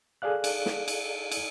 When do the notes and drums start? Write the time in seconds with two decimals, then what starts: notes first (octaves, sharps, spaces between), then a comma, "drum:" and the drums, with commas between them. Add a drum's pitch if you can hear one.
0.22 G#4 A4 D5 F5 F#6
0.44 drum: cymbal
0.66 drum: snare
0.88 drum: cymbal
1.32 drum: cymbal